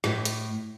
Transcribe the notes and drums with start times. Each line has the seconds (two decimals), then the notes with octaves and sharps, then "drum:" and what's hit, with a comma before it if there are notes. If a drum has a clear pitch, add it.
0.04 A2, drum: rim click
0.25 drum: hi-hat